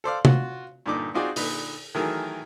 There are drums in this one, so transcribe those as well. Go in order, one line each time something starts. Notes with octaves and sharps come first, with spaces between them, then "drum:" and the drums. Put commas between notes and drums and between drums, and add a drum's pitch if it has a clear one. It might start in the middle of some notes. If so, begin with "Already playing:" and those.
A4 C5 D5 F5
F4 F#4, drum: tom
G2 A#2 D3 D#4 D5 D6
C4 D#4 F4 F#4 G#4 D5
A#2 D3 D#4 B4, drum: open hi-hat
D#3 E3 F#3 A3 G#4 A#4